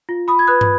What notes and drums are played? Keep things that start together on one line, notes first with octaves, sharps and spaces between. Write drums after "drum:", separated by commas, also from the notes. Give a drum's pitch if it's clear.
F4
B5 D#6
G#6
B4 D#6 F#6
drum: tom